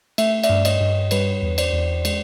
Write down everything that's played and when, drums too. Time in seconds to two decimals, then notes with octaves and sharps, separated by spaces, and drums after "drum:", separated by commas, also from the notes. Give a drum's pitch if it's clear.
0.18 A3 E5, drum: cymbal
0.43 D5 E5, drum: cymbal
0.49 G2
0.65 C#5 D#5, drum: cymbal
0.81 G2
1.11 G3 B4 C#5, drum: cymbal
1.42 E2
1.58 C5 D5, drum: cymbal
1.73 E2
2.05 G#3, drum: cymbal